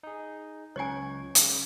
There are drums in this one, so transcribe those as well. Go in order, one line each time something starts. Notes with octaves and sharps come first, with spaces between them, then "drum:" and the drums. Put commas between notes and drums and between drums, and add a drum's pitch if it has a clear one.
D#4 G#4
C#2 F#3 C#4 C#5 G#5 C#6 G#6
C#3, drum: hi-hat